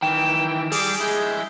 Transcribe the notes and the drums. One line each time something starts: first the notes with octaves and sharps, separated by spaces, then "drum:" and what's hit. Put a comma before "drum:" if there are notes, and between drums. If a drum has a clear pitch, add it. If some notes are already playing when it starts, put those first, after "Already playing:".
D#3 E3 G5 E7
G3 G#4 D6, drum: open hi-hat
G#3 E4 G6